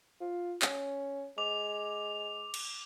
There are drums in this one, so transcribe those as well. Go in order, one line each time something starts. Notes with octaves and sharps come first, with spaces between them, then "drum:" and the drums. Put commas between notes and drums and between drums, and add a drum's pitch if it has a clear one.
F4
C#4, drum: clap
G#3 D6 F7
drum: cymbal